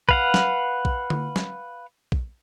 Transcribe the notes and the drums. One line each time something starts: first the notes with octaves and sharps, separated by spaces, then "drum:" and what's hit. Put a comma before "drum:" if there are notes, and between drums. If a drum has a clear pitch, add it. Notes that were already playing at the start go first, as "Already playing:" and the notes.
B4 F5 F#5, drum: kick
drum: snare
drum: kick
drum: tom D3
drum: snare
drum: kick